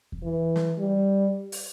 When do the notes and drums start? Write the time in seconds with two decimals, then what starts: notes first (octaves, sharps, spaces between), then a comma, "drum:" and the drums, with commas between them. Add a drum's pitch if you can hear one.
0.12 drum: kick E2
0.23 E3
0.56 drum: snare
0.78 G3
1.52 drum: open hi-hat